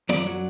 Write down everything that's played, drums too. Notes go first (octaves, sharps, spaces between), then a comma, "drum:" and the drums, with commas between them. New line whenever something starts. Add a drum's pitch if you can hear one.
F#2 D5, drum: snare
F#3